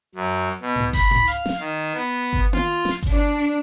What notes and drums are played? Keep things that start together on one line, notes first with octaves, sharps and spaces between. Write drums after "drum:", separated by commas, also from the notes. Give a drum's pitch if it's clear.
F#2
B2
drum: tom G#2
B5, drum: kick G1, open hi-hat
drum: tom G#2
F5, drum: hi-hat
drum: snare
D#3
B3
drum: kick G1
F4, drum: tom A#3
drum: snare
drum: kick G1, hi-hat
D4